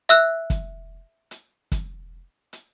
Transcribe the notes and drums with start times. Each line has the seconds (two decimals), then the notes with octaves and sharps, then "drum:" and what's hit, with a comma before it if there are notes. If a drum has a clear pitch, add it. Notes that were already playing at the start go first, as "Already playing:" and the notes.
0.09 E5 E6 F#6, drum: hi-hat
0.50 drum: kick, hi-hat
1.31 drum: hi-hat
1.72 drum: kick, hi-hat
2.53 drum: hi-hat